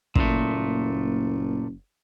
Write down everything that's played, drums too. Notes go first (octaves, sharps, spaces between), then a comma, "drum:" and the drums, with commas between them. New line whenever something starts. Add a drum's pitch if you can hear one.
F#1 A#2 A3, drum: kick